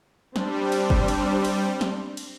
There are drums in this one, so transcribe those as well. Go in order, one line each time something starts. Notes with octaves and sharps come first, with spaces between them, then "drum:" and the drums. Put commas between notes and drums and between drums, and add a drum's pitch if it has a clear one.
G3 C4 D4, drum: snare
drum: cymbal
drum: kick F#1
drum: cymbal
drum: cymbal
drum: snare
drum: cymbal